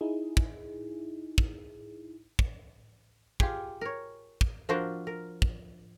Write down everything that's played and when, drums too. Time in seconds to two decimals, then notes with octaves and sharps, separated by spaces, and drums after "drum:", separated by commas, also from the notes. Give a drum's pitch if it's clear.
0.01 D#4 E4 G#4
0.37 drum: kick
1.38 drum: kick
2.39 drum: kick
3.40 F4 G4 G#4, drum: kick
3.81 A#4 C#5
4.41 drum: kick
4.69 F3 D4 F4 F#4 A#4 C5
5.07 A#4
5.42 drum: kick